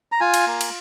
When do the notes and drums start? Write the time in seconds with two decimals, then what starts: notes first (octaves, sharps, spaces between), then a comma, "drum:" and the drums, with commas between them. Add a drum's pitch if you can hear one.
0.12 A#5
0.20 F4 G#5
0.34 drum: cymbal
0.47 A#3
0.61 drum: cymbal